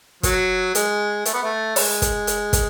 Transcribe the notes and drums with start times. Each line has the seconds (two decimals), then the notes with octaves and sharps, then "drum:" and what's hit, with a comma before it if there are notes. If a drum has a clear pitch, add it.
0.23 F#3, drum: kick, hi-hat
0.75 G#3, drum: hi-hat
1.25 A3, drum: hi-hat
1.34 B3
1.43 A3
1.76 G#3, drum: open hi-hat
2.02 drum: kick, hi-hat
2.27 drum: hi-hat
2.53 drum: kick, hi-hat